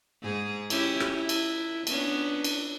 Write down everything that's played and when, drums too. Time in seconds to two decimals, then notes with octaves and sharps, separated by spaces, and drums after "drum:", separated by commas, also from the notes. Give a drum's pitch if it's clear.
0.22 G#2 G#4
0.70 C#4 E4 G4, drum: cymbal
1.00 drum: rim click
1.16 E4
1.29 drum: cymbal
1.87 B3 C#4 D4, drum: cymbal
2.44 drum: cymbal